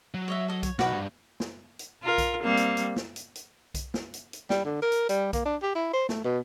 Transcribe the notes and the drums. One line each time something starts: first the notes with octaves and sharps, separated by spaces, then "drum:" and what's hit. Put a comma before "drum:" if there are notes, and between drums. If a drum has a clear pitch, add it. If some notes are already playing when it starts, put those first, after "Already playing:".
F#3
C#5 D#5 E5
A4 D#5
C#5, drum: kick B1, hi-hat
B1 F#4 B4 D6, drum: snare
G2
drum: snare
drum: hi-hat
F4 A#4
drum: kick B1, hi-hat
G3 A#3 C4
drum: hi-hat
drum: hi-hat
drum: snare
drum: hi-hat
drum: hi-hat
drum: kick B1, hi-hat
drum: snare
drum: hi-hat
drum: hi-hat
G3, drum: snare
D3
A#4
drum: hi-hat
G3, drum: hi-hat
A#3, drum: kick B1, hi-hat
D4
G4
E4
C5
A3, drum: snare
B2